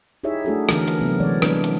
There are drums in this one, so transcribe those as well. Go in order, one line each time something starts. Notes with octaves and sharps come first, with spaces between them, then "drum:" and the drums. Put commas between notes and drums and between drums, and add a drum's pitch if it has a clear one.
D#4 E4 G4 G#4 C#5 E5
A3 D4 F#4 G#4 A4
D3 E3 A#4, drum: rim click
drum: hi-hat
C3 F#3 B3
E3 G#3 C#5 D5
G3 B3 C4 D4 B4, drum: rim click
drum: hi-hat